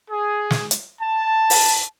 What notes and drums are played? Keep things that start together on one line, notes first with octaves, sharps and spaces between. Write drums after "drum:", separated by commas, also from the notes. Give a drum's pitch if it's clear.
G#4
drum: snare
drum: hi-hat
A5
drum: open hi-hat